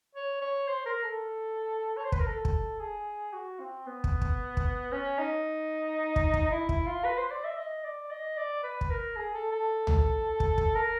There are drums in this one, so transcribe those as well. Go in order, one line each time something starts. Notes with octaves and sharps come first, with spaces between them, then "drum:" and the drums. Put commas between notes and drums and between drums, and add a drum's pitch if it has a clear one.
C#5
C#5
C5
A#4
A4
C#5
C5
B4, drum: kick
A#4
A4
drum: kick
G#4
F#4
C4
B3
drum: kick
drum: kick
drum: kick
C#4
D#4
drum: kick
drum: kick
E4
E4, drum: kick
F4
B4
C5
D5
E5
D#5
D5
D#5
D5
B4
drum: kick
A#4
G#4
A4
A4
drum: tom B1
drum: kick
drum: kick
A#4